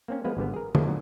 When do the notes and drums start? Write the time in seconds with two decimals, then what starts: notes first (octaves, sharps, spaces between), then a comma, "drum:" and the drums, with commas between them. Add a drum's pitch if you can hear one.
0.08 A#3 C4 C#4
0.24 F3 G#3 A#3 B3 B4
0.37 G#1 D3 G3 B3
0.54 G#4 A#4
0.75 F2 B2 D#3 F3 G#3 A3, drum: tom
0.87 A#2 D3 F#3